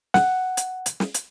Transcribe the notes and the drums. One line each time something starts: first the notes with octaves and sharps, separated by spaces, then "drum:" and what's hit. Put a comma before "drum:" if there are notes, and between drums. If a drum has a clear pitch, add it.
F#5, drum: snare
drum: hi-hat
drum: hi-hat
drum: snare
drum: hi-hat